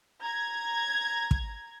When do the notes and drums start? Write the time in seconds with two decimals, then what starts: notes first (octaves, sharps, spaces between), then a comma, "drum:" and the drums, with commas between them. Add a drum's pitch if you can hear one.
0.23 A#5 G#6
1.31 drum: kick